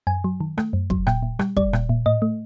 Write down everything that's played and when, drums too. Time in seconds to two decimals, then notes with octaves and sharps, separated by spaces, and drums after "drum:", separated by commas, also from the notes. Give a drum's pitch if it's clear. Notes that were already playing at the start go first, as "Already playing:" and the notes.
0.07 F#2 G#5
0.24 F#3
0.40 D#3
0.58 A3, drum: rim click
0.73 F#2
0.90 F#3, drum: kick
1.07 A#2 G5, drum: rim click
1.22 A#2
1.39 G3, drum: rim click
1.57 G3 D5, drum: kick
1.73 A#2, drum: rim click
1.89 A#2
2.06 A2 D#5
2.22 A3